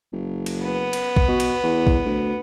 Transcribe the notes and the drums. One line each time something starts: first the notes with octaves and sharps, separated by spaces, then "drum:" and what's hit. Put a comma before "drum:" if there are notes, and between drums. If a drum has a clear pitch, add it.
F#1
drum: cymbal
B3
drum: cymbal
drum: kick
B2
drum: cymbal
E2
drum: kick
D2